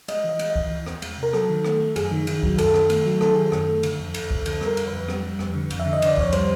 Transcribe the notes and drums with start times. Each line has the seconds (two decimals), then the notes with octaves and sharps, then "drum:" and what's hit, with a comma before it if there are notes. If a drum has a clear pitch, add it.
0.08 G#3 D#5, drum: cymbal
0.24 E3
0.29 D#5
0.39 G#3, drum: cymbal
0.50 D#5
0.56 E3, drum: kick C#2
0.70 E3
0.86 E2, drum: rim click
1.02 G#3, drum: cymbal
1.18 C3 A#4
1.33 F#3 A4, drum: rim click
1.49 D#3
1.65 A3, drum: rim click
1.80 A3
1.96 F#2 G#4, drum: cymbal
2.12 D#3
2.27 D#3, drum: cymbal
2.43 F#3, drum: kick C#2
2.58 F#2 A4, drum: cymbal
2.74 D#3, drum: rim click
2.90 A3, drum: cymbal
3.05 F#3
3.21 D#3 A4, drum: rim click
3.33 D#3 G#4
3.45 A4
3.52 F#2, drum: rim click
3.68 A3
3.83 D3, drum: cymbal
3.99 F2
4.14 F2, drum: cymbal
4.31 F2, drum: kick C#2
4.46 D3 A4, drum: cymbal
4.61 G3 A#4, drum: rim click
4.77 F2, drum: cymbal
4.87 B4
4.93 F2
5.08 G3, drum: rim click
5.23 G3
5.39 F2, drum: rim click
5.55 D3
5.70 F2, drum: cymbal
5.80 E5
5.86 D3
5.93 D#5
6.02 D3 D5, drum: cymbal
6.17 F2 C#5, drum: kick C#2
6.32 G3 C5, drum: cymbal